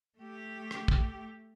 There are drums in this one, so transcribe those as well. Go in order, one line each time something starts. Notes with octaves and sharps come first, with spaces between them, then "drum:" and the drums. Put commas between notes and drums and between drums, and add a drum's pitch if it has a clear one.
A3 G4
drum: rim click
drum: kick